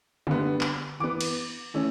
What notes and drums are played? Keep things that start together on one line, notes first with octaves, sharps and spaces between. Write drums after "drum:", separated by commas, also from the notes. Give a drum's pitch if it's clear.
D3 G3 B3, drum: tom
drum: clap
E3 B3 D6
drum: cymbal
E3 A3 C#4